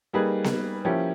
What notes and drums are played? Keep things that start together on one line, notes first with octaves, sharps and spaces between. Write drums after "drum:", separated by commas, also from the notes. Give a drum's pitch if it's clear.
G3 A#3 D#4 G#4 B4
drum: snare B3
F3 A#3 C#4 E4 G4